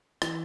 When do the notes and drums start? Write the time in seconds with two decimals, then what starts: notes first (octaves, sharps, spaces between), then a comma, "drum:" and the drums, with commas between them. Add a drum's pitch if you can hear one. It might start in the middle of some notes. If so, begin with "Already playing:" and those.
0.22 E3, drum: rim click